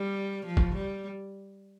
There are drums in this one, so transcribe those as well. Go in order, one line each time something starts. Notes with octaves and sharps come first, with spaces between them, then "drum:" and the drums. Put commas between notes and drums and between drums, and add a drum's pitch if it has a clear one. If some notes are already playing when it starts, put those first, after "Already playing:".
Already playing: G3
F3
drum: kick
G3